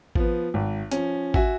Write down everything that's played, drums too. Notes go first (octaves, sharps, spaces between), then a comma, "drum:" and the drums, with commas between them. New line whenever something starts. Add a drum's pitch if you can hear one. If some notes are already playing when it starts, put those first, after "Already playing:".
F3 B3, drum: kick G#1
G#1
F3 C#4, drum: hi-hat
F#4 E5 G#5, drum: kick G#1